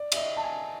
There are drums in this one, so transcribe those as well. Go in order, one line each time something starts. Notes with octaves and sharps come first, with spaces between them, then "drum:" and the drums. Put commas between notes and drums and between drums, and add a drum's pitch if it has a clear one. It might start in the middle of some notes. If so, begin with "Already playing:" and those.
Already playing: D5
E5, drum: cymbal
D#5
A5
G#5